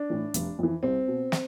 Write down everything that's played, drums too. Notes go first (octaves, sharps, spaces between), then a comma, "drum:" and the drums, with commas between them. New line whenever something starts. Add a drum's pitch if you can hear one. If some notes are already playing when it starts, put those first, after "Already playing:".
Already playing: D4
A2 E3
F1, drum: hi-hat
F2 E3
C2 C4
B2
drum: snare